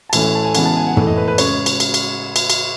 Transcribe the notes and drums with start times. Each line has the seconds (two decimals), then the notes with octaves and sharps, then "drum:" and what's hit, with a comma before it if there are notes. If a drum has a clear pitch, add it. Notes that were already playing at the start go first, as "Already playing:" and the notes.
0.09 A5
0.13 A2 E3 A3 C#4 G#5, drum: cymbal
0.35 A5
0.45 G#5
0.55 C#3 E3 G#3 B3 F#5, drum: cymbal
0.65 A5
0.76 G#5
0.87 F#5
0.97 A2 E3 A3, drum: tom
1.07 D#5
1.17 B4
1.28 B4
1.38 C#3 G#3 C#4 C#5, drum: cymbal
1.66 drum: cymbal
1.80 drum: cymbal
1.94 drum: cymbal
2.36 drum: cymbal
2.50 drum: cymbal